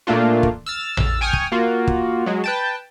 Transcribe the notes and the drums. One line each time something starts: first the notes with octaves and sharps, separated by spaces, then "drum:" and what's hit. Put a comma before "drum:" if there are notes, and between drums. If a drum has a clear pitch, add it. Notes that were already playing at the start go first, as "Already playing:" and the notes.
A#2 A3 A#3 D4 F4
drum: kick
E6 F6 A6
drum: tom A1
G5 G#5 C#6 D#6 F6
drum: kick
A#3 F4 F#4
drum: kick
F#3 G#3
B4 G5 A5